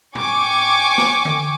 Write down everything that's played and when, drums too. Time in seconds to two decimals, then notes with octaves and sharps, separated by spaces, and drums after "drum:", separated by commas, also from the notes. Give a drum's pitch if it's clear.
0.15 G5 G#5 C#6 D6, drum: tom A2
0.98 drum: snare
1.25 drum: tom D3